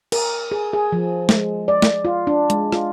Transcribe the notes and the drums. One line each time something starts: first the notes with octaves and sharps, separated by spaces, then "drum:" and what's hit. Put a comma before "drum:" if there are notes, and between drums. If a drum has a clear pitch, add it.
A#4, drum: cymbal
G#4
G#4
F3
G#3, drum: snare
D5
drum: snare
F4
D4
G#3, drum: hi-hat
F4, drum: rim click